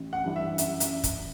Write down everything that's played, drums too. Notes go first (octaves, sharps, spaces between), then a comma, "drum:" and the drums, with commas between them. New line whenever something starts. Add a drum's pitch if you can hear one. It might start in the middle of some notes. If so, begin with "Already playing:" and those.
Already playing: A1
F#5
G2 E3
E5
F#2 E5, drum: hi-hat
E5, drum: hi-hat
drum: kick, hi-hat